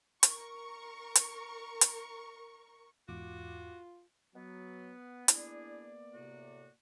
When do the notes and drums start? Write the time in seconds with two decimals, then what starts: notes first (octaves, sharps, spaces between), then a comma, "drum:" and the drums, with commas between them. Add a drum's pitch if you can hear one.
0.23 A#4 C#6, drum: hi-hat
1.15 drum: hi-hat
1.81 drum: hi-hat
3.08 E2 G#2 F4 F#4 D6
4.35 F#3 B3
5.28 A#3 B3 D4 E4 G#4 D5, drum: hi-hat
6.14 A2 C3 F#4